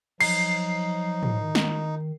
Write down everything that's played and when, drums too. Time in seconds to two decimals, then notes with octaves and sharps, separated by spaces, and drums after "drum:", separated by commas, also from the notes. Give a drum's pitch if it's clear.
0.21 F3 F#3 D#4 C7, drum: cymbal
1.23 drum: tom
1.40 D#3
1.55 drum: snare